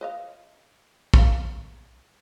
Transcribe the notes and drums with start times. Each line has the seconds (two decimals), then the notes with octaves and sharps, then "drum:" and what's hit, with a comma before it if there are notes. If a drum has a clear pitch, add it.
0.01 B4 D#5 F5
1.14 B3 F5, drum: kick